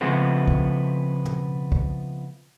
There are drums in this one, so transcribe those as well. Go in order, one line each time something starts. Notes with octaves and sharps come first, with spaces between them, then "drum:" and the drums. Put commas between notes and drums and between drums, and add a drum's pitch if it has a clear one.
C#3 F3 G#3 A3 B3 C4
drum: kick
drum: tom
drum: kick